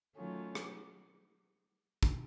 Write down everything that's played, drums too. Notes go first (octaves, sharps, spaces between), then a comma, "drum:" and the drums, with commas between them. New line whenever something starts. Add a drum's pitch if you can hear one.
D#3 F#3 A3 C#4 F4
drum: rim click
drum: kick